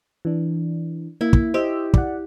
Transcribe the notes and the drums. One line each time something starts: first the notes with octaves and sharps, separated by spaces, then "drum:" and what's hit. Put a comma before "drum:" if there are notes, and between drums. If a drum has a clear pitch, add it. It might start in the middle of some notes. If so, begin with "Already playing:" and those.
E3 D4
A#3 E4
drum: kick
G4 C5 D#5 E6
D5 F#5, drum: kick